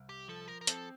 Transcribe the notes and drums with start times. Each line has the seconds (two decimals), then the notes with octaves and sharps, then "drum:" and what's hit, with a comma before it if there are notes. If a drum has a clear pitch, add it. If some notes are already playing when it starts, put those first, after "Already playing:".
Already playing: C2
0.09 G4
0.28 F3 A4
0.48 A#4
0.61 A#4
0.67 C4 A4, drum: hi-hat